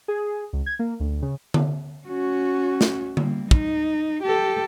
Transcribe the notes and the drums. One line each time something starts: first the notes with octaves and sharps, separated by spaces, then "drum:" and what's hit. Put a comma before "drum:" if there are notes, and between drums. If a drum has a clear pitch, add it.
G#4
C#2
G#6
A#3
D2
C#3
drum: tom D3
C#4 F#4
drum: snare
G3 A#3, drum: tom D3
D#4, drum: kick
G4 A4